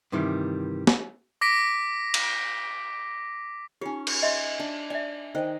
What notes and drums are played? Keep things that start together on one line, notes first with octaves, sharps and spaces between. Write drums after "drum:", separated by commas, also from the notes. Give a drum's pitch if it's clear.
G2 C3 D#3 E3 G3
drum: snare
D6 A#6 B6 D7
drum: cymbal
C#4 D#4 F4 G4 C#5
drum: cymbal
D#5 E5 C6
D4
D5 E5 G#5
D#3 C5 D#5 G5